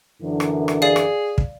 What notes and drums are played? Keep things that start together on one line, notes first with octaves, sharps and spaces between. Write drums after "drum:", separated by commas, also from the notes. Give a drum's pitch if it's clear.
F#2 D3 E3
drum: rim click
drum: rim click
G#4 D5 F5
drum: rim click
drum: kick